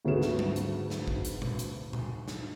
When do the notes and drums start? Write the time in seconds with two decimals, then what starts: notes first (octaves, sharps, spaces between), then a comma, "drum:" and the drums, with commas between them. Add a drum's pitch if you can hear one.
0.05 G#1 D2 F#4 G#4 B4 E7
0.22 drum: snare
0.39 drum: tom F#3
0.56 drum: hi-hat
0.90 drum: snare
1.08 drum: kick
1.25 drum: hi-hat
1.42 drum: tom A#2
1.59 drum: hi-hat
1.93 drum: tom A#2
2.28 drum: snare